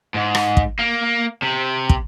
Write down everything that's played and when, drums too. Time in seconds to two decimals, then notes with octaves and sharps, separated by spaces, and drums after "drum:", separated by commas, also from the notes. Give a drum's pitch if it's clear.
0.14 G#2
0.35 drum: rim click
0.57 drum: kick
0.79 A#3
1.42 C3
1.89 drum: kick